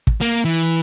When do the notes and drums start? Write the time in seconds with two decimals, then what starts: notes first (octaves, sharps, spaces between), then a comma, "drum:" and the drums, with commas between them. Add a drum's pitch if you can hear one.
0.07 drum: kick
0.21 A#3
0.45 E3